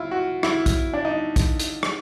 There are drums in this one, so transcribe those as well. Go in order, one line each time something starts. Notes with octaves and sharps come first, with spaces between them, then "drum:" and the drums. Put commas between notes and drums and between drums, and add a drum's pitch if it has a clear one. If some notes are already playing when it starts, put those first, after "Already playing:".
Already playing: E4 F4
F#4
E4, drum: rim click
drum: kick, hi-hat
D4
D#4
drum: kick, hi-hat
drum: hi-hat
drum: rim click